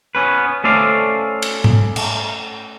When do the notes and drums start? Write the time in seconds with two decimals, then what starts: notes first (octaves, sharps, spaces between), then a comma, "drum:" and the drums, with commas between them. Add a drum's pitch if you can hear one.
0.15 B3 C#4 B4
0.64 A3 C#4 A4 C5 D5 F5
1.42 drum: cymbal
1.64 drum: tom G#2
1.96 drum: cymbal